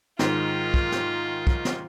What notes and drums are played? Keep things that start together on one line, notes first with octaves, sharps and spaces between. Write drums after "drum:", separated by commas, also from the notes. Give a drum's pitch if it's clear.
G#2 D#3 F4, drum: snare
drum: kick
drum: snare
drum: kick
drum: snare